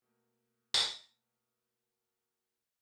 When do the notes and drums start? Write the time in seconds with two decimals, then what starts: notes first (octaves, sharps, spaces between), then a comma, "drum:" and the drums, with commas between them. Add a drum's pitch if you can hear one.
0.02 B2 A3 A#3
0.74 drum: tambourine